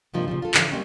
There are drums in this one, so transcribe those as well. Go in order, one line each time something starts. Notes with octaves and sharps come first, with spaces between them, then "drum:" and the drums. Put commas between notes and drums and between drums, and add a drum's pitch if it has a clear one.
G2 C3 F3 A#3 D#4
A#2 C#3 F3
F4 A4
D3 E3 F3 C#5, drum: clap
G3 G#3 A#3 C4 C#4